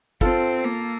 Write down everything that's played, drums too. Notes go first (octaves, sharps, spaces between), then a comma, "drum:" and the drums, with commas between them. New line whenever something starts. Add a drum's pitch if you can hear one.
C4 F4 A4, drum: kick
A#3